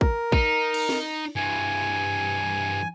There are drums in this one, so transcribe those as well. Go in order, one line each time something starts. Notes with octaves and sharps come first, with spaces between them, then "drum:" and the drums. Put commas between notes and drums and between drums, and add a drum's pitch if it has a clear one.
A#4, drum: kick
D#4, drum: kick
drum: cymbal
drum: snare
G2 E3 G#5